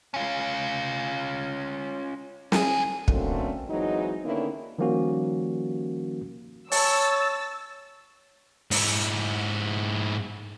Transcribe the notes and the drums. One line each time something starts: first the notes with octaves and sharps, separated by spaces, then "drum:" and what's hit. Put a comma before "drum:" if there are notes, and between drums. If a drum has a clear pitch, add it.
C#4 F4
D2 G#4, drum: snare
D3 F#3 A3 A#3 C4 C#4, drum: kick
E3 F#3 G#3 C4 D#4
D3 D#3 A#3 B3 C#4 E4
D#3 F3 G3 A#3 C#4 F#4
C#5 A5 E6 A6, drum: open hi-hat
G#2 E4, drum: open hi-hat